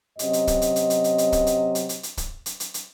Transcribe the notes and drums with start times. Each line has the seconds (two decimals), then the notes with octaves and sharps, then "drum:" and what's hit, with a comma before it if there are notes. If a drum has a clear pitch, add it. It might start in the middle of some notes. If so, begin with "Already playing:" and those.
0.19 F#2 C3 F#3 D#5, drum: hi-hat
0.33 drum: hi-hat
0.47 drum: kick, hi-hat
0.62 drum: hi-hat
0.76 drum: hi-hat
0.90 drum: hi-hat
1.04 drum: hi-hat
1.18 drum: hi-hat
1.32 drum: kick, hi-hat
1.47 drum: hi-hat
1.75 drum: hi-hat
1.89 drum: hi-hat
2.03 drum: hi-hat
2.17 drum: kick, hi-hat
2.46 drum: hi-hat
2.60 drum: hi-hat
2.74 drum: hi-hat